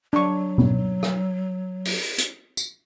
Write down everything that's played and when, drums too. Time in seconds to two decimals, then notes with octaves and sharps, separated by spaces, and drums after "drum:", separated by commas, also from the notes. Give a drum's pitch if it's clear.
0.13 F#3 D4 C#6
0.58 drum: tom B2
1.03 drum: rim click
1.85 drum: open hi-hat
2.18 drum: hi-hat
2.57 drum: tambourine